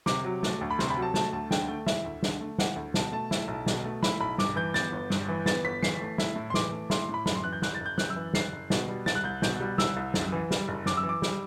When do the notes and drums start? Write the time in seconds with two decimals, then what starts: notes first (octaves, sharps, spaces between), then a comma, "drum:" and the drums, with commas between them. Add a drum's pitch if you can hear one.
0.06 C3 D6, drum: snare
0.24 F#3
0.43 A3, drum: snare
0.61 D2
0.71 B5
0.79 C3 C6, drum: snare
0.90 B5
0.97 F#3
1.02 A5
1.14 A3 A5, drum: snare
1.33 D2 A5
1.51 D3 G5, drum: snare
1.68 A3
1.87 E4 E5, drum: snare
2.05 D2
2.23 D3, drum: snare
2.40 A3
2.58 E4 F#5, drum: snare
2.76 D2
2.94 B2 A5, drum: snare
3.12 A3 A5
3.31 E4, drum: snare
3.48 B1
3.66 B2, drum: snare
3.85 A3
4.03 E4 B5, drum: snare
4.21 B1 B5
4.38 G2 D6, drum: snare
4.56 E3 G6
4.74 B3 A6, drum: snare
4.92 G1
5.10 G2, drum: snare
5.29 E3
5.46 B3 A6, drum: snare
5.64 G1 B6
5.83 E3 C7, drum: snare
6.01 A3
6.18 E4, drum: snare
6.36 A2
6.50 C6
6.54 E3 D6, drum: snare
6.72 A3
6.90 E4 C6, drum: snare
7.02 C6
7.09 A2
7.14 B5
7.26 F#2 B5, drum: snare
7.35 C6
7.44 E3 F#6
7.53 G6
7.62 F#1 F#6, drum: snare
7.75 A6
7.80 F#1
7.86 G6
7.98 F#2 F#6, drum: snare
8.10 E6
8.16 E3
8.34 F#1 C7, drum: snare
8.52 F#1
8.70 B2, drum: snare
8.88 G3
9.06 C2 A6, drum: snare
9.15 F#6
9.24 C2 G6
9.42 B2 G6, drum: snare
9.61 G3
9.78 C2 E6, drum: snare
9.97 C2
10.14 F#2, drum: snare
10.32 E3
10.51 G3, drum: snare
10.68 F#1
10.86 F#2 D6, drum: snare
10.97 E6
11.03 E3
11.09 D6
11.22 G3, drum: snare